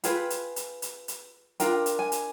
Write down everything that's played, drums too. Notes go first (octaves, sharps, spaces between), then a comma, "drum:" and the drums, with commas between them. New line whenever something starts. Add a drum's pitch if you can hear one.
F4 G#4 B4 G5, drum: hi-hat
drum: hi-hat
drum: hi-hat
drum: hi-hat
drum: hi-hat
D4 F4 A#4 G5, drum: hi-hat
drum: hi-hat
G#5
drum: hi-hat